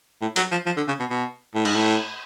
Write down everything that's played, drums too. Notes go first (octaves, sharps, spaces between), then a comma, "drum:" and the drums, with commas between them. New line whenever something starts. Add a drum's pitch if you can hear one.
A2
F#3, drum: hi-hat
F3
F3
D3
C#3
B2
B2
A2
G#2, drum: cymbal
A2